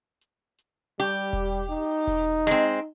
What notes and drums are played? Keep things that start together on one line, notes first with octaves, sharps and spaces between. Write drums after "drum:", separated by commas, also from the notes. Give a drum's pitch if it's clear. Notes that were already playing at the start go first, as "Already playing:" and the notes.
drum: hi-hat
drum: hi-hat
G3 G4
drum: kick E1, hi-hat
D#4, drum: hi-hat
drum: kick E1, open hi-hat
G#3 C4, drum: snare